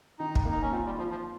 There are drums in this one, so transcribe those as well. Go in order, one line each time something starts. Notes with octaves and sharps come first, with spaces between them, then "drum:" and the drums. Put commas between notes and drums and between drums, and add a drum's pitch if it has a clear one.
D#3 D#4
drum: kick
A#3
D#4
C#4
C4 F4
G3
F3 F4
F3